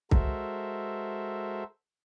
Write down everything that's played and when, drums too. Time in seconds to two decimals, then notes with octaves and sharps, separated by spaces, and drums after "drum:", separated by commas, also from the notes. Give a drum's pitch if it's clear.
0.11 G#3 F#4 A4 A#4 C5 E5, drum: kick C2